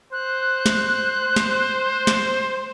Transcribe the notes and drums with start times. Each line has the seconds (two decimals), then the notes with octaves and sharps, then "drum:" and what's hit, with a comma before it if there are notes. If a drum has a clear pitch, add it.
0.13 C5 F#6
0.66 drum: snare
1.36 drum: snare
2.07 drum: snare